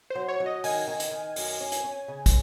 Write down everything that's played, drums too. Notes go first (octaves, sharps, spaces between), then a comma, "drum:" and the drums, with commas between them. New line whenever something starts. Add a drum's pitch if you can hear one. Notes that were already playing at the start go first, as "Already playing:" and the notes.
F#3 C5
C#5
F#3
D#5
D#3 G#5, drum: open hi-hat
D#3
drum: hi-hat
D#3
F#2, drum: open hi-hat
C#4
drum: hi-hat
C#4
C#3
drum: kick, hi-hat